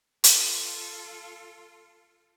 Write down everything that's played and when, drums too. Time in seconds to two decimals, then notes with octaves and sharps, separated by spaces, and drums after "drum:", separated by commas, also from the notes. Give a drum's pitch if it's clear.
0.24 F4 A4, drum: hi-hat